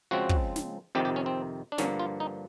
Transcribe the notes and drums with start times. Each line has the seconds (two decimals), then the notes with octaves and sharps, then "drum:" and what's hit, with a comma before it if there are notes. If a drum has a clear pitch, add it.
0.11 C#3 F3 G#3 C4 F#4
0.29 drum: kick
0.56 drum: snare
0.95 F2 C3 D#3 G4
1.05 G4
1.16 C#4
1.26 C4
1.72 D4
1.78 G2 D3 F3 A#3 C#4, drum: snare
1.99 F4
2.20 D#4